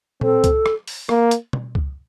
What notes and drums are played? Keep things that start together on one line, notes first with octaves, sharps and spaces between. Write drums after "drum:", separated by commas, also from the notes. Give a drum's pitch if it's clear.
C4 A4, drum: tom A#2
drum: kick C#2, hi-hat
drum: rim click
drum: open hi-hat
A#3, drum: rim click
drum: hi-hat
drum: tom
drum: kick C#2